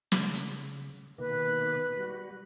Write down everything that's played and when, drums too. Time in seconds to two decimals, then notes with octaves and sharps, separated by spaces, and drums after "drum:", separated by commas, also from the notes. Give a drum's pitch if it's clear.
0.12 C#3, drum: snare
0.34 drum: hi-hat
1.18 B2 D#3 A#3 B4
1.97 G3 F#4